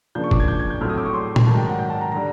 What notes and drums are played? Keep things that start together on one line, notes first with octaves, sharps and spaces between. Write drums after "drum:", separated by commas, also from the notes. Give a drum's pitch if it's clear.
C#3 F3 A#3 D4 G6
C#6
D6, drum: kick
G#6
G6
G#6
G6
A2 F#3 A3 C4 F6
D#6
D6
C#6
C6
drum: tom A#2
G#2 D#3 F#3 A5
G5
F#5
G5
A5
A#5
D3 G3 A#5